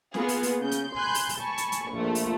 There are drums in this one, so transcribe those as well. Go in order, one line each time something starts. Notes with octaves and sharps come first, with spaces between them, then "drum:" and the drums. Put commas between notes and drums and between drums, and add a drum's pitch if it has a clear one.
A#3 B3 F4 G#4 B4, drum: snare
drum: open hi-hat
drum: open hi-hat
C#3 G6
drum: hi-hat
G#5 B5 C6 F#6 G6
drum: open hi-hat
drum: open hi-hat
G#5 A5 B5 C#6
drum: hi-hat
drum: hi-hat
A#1 A3 F4
drum: open hi-hat